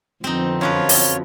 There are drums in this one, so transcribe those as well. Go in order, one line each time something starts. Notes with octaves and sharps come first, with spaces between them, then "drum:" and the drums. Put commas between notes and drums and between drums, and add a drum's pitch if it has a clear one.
F2 D3 B3 C4 D#4
F#2 F3 F4 B4 C#5
drum: open hi-hat